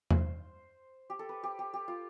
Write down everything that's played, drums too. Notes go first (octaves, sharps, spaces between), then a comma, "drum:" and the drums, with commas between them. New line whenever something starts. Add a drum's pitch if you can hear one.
C5, drum: tom E2
G4
A4
B4
G4
G4
G4
F4